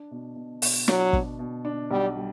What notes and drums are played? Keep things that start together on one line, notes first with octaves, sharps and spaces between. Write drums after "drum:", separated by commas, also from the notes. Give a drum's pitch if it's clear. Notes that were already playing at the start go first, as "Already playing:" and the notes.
Already playing: D4
B2
B2
B2, drum: open hi-hat
F#3 D4, drum: snare
B2, drum: kick
B2
D4
B1 G3
G3